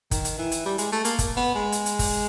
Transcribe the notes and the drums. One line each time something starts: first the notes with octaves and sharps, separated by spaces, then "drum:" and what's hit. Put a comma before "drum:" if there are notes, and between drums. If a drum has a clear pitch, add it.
D#3, drum: kick, hi-hat
drum: hi-hat
E3
drum: hi-hat
G3
G#3, drum: hi-hat
A3
A#3, drum: hi-hat
drum: kick, hi-hat
B3
G#3
drum: hi-hat
drum: hi-hat
drum: kick, open hi-hat